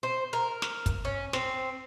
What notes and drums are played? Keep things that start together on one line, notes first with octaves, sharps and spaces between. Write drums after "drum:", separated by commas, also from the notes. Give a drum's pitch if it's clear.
C5
A#4
drum: snare
drum: kick, hi-hat
C#4
C4, drum: snare